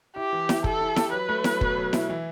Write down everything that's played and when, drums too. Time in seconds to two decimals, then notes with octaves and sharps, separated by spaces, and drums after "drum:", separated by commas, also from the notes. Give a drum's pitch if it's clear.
0.16 E4 G4
0.33 E3
0.49 E4, drum: snare E4
0.64 G4 A4, drum: kick
0.81 E4
0.96 G4, drum: snare E4
1.12 F#3 B4
1.29 A3
1.44 F#3, drum: snare E4
1.61 B2, drum: kick
1.77 F#3
1.93 E4, drum: snare E4
2.10 E3